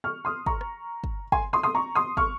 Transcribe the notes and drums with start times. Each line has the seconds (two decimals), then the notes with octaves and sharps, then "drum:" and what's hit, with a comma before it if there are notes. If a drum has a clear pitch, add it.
0.04 C#6 F6
0.25 C6 D#6
0.46 A#5 C#6, drum: kick
0.61 drum: rim click
1.04 drum: kick
1.32 G#5 C6, drum: kick
1.53 C6 D#6
1.63 C6 D#6
1.75 A#5 C#6
1.95 C6 D#6
2.17 C#6 F6, drum: kick